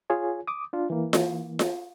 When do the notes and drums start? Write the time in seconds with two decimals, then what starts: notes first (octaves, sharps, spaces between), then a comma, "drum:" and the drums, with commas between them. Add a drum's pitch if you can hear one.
0.10 F4 G#4 C#5 G#5
0.48 D6 D#6
0.73 D4 F4
0.90 E3 A#3
1.13 drum: snare F4
1.59 drum: snare F4